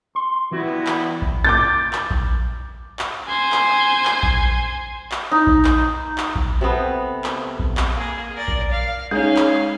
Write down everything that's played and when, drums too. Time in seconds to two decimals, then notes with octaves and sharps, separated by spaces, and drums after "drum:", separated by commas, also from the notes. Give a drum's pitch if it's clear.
0.15 C6
0.51 E3 G3 B3 E4 F#4
0.87 drum: clap
1.22 drum: kick A#1
1.44 D6 G6 A6
1.93 drum: clap
2.11 drum: kick A#1
2.99 drum: clap
3.27 C5 G#5
3.52 drum: clap
4.05 drum: clap
4.23 drum: kick A#1
5.12 drum: clap
5.32 D#4
5.47 drum: kick A#1
5.65 drum: clap
6.18 drum: clap
6.36 drum: kick A#1
6.61 C3 A3 B3
7.24 drum: clap
7.59 drum: kick A#1
7.77 drum: clap
7.95 A#3 G#4
8.36 A#4 D5
8.48 drum: kick A#1
8.71 F5
9.11 G#3 C#4 D#4 G#4 F5
9.37 drum: clap